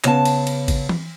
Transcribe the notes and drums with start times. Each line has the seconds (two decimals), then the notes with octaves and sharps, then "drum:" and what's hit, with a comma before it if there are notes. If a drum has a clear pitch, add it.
0.04 C#3 B3 A5, drum: clap
0.25 drum: cymbal
0.47 drum: cymbal
0.68 drum: kick G#1, cymbal
0.89 drum: tom E3